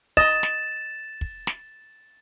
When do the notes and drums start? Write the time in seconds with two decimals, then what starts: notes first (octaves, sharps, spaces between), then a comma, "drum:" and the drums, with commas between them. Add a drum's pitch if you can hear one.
0.17 D#5 A6 E7, drum: kick
0.43 drum: snare
1.21 drum: kick
1.47 drum: snare